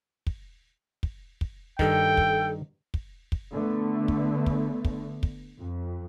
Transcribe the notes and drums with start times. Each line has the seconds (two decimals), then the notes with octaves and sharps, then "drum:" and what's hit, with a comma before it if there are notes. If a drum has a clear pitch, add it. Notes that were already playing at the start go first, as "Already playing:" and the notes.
0.27 drum: kick
1.03 drum: kick
1.41 drum: kick
1.79 G2 D#3 A4 G5, drum: kick
2.17 drum: kick
2.94 drum: kick
3.32 drum: kick
3.51 D3 A3 B3
4.08 drum: kick
4.46 drum: kick
4.85 drum: kick
5.23 drum: kick
5.58 F2